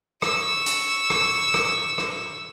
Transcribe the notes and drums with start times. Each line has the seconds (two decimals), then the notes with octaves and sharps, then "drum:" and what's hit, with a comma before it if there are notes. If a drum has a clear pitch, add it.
0.22 C#6 E6, drum: rim click
0.66 drum: hi-hat
1.10 drum: rim click
1.54 drum: rim click
1.98 drum: rim click